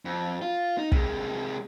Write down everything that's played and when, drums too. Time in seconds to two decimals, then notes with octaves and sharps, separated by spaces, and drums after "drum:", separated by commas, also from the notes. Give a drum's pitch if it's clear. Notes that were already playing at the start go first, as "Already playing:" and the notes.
0.05 F2
0.42 F4
0.78 D#4
0.92 C3 G#3, drum: kick